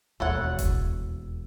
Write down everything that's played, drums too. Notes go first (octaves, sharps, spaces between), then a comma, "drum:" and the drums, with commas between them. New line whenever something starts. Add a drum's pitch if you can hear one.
E1 D#2 A4 C#5 F#5
drum: kick D#1, hi-hat